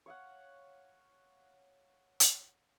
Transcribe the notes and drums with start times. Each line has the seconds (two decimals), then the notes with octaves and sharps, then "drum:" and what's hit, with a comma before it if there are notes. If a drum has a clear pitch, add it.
0.06 C#5 F5 F#5
2.20 drum: hi-hat